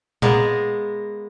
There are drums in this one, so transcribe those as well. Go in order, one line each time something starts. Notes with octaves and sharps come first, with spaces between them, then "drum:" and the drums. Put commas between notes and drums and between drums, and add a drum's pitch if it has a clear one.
G#3 A#3 B3 A#4, drum: tom A#2